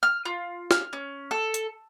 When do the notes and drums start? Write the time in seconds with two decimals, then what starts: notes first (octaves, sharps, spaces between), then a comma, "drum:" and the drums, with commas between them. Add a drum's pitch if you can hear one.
0.03 F6
0.25 F4
0.71 F6, drum: snare
0.93 C#4
1.31 A4
1.54 drum: hi-hat